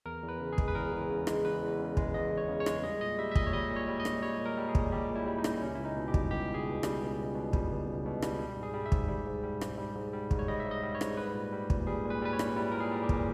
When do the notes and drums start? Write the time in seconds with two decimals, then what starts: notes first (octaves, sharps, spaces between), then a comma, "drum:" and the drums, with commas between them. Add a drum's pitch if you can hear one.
0.06 E2 A#4
0.23 E2
0.28 B4
0.40 C#3
0.53 G#4
0.58 G#3, drum: kick
0.68 B4
0.75 E2 A#4
0.92 E2
1.10 C#3
1.27 G#3, drum: rim click
1.45 E2 B4
1.62 E2
1.79 C#3
1.97 G#3, drum: kick
2.14 E2 D#5
2.31 E2
2.38 C#5
2.49 C#3
2.60 C#5
2.66 G#3, drum: rim click
2.83 G3 D#5
3.01 A#2 D#5
3.19 G3 E5
3.31 E5
3.35 A#2 D#5, drum: kick
3.46 C#5
3.53 G3 D#5
3.70 A#2
3.76 C#5
3.88 G3
4.00 D#5
4.05 A#2, drum: rim click
4.22 G3 C#5
4.40 A#2
4.46 A#4
4.57 G3
4.69 G#4
4.75 A#2, drum: kick
4.92 G3 G4
5.09 A#2
5.15 E4
5.27 G3
5.39 D#4
5.44 A#2, drum: rim click
5.62 C#2 C#4
5.75 C#2 E4
5.85 D#4
5.97 B2
6.08 G4
6.14 G3, drum: kick
6.31 C#2 G4
6.48 C#2
6.54 G#4
6.66 B2
6.83 G3, drum: rim click
7.01 C#2
7.18 C#2
7.35 B2
7.53 G3, drum: kick
7.70 C#2
7.87 C#2
8.05 B2
8.22 G3, drum: rim click
8.39 G3
8.57 G#2
8.63 G#4
8.74 G3
8.86 E5
8.92 G#2, drum: kick
9.09 G3
9.27 G#2
9.43 G3
9.61 G#2, drum: rim click
9.78 G3
9.96 G#2
10.13 G3
10.31 G#2, drum: kick
10.39 C#5
10.48 G3 D#5
10.60 E5
10.65 G#2
10.71 D#5
10.83 G3
10.95 C#5
11.01 G#2, drum: rim click
11.17 G3 B4
11.35 A#2
11.52 G3
11.70 A#2, drum: kick
11.87 G3 G#4
12.05 A#2
12.10 B4
12.22 G3 B4
12.33 C#5
12.39 A#2, drum: rim click
12.56 G3 E4
12.72 A#2 A#4
12.80 G#4
12.91 G3
13.03 G4
13.09 A#2, drum: kick